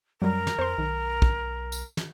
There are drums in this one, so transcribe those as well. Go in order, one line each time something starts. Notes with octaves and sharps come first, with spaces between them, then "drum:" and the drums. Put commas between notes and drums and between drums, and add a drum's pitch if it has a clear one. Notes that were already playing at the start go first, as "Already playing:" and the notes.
F#2 F#3 G3 A#4
drum: snare
F2 C5 C6
B1 D#3
drum: kick
drum: tambourine
drum: snare